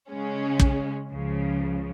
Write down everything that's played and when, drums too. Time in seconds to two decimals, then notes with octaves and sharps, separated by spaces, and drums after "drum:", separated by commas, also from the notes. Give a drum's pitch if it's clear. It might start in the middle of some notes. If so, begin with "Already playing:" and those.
0.10 C#3 G#3 C#4
0.60 drum: kick
1.09 C#2 C#3 F3